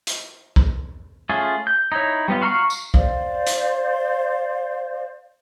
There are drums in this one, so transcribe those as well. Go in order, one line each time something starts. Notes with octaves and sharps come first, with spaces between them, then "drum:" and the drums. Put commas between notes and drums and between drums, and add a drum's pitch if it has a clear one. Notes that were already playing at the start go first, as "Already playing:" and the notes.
drum: hi-hat
drum: kick
A3 C#4 F4 G#4
G6
D#4 E4 C#5
G3 B3 F4
F#4 F5 A#5 C6 C#6
drum: tambourine
C5 D5 F5, drum: kick
drum: hi-hat